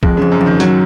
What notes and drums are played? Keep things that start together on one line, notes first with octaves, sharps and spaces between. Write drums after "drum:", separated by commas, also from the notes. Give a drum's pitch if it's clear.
F2 G#3, drum: kick
F2 C#3
F#2
F2
D#3
F#3, drum: hi-hat